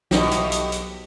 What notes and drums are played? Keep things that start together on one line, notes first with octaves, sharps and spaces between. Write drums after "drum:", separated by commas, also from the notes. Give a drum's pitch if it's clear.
B1 A2 D#4 F#4 G4 B6, drum: snare
drum: hi-hat
drum: hi-hat
drum: hi-hat